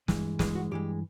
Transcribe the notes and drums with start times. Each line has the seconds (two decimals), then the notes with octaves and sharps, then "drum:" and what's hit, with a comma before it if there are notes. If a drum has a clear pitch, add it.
0.08 G2 E3 G#3, drum: snare
0.39 G2 E3 G#3 G#4, drum: snare
0.55 F#4
0.71 G2 E3 G#3 G4